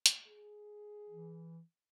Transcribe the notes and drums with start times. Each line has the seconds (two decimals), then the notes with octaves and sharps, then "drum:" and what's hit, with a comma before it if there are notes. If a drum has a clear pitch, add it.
0.06 drum: hi-hat
0.27 G#4
1.09 E3